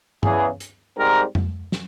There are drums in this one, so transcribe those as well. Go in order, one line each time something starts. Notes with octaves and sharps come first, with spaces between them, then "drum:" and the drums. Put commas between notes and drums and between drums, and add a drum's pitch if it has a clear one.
E2 C#3 E3 G#4, drum: tom G2
drum: hi-hat
G#2 G3 C4 A#4
drum: tom F2
drum: snare